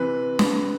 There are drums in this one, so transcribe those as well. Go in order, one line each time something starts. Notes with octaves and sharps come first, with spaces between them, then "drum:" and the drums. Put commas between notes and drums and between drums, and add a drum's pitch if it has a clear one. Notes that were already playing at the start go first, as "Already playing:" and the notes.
Already playing: C3 E3 B4
drum: snare